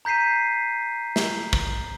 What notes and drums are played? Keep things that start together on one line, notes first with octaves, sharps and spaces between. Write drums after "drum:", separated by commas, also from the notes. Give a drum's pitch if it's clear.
A#5 G6 B6 C7 D#7
drum: snare
drum: kick